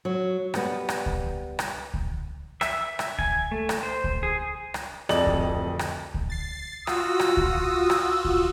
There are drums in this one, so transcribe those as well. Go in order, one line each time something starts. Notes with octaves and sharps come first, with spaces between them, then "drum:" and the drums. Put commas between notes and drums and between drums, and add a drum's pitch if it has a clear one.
F#3
G3 B3, drum: rim click
drum: rim click
drum: kick C#2
drum: rim click
drum: kick C#2
E5, drum: rim click
drum: rim click
G#5, drum: kick C#2
A3
drum: rim click
C5
drum: kick C#2
G#4
drum: rim click
D1 F2 D5 D#5 F#7, drum: rim click
drum: kick C#2
drum: rim click
drum: kick C#2
A6 C7
F4 F#4 D#6 E6, drum: rim click
drum: rim click
drum: kick C#2
drum: rim click
drum: kick C#2